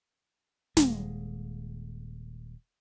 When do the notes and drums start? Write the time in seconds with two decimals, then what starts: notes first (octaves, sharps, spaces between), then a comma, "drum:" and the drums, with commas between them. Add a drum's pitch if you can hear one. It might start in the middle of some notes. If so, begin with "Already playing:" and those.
0.77 D#1 G#3, drum: snare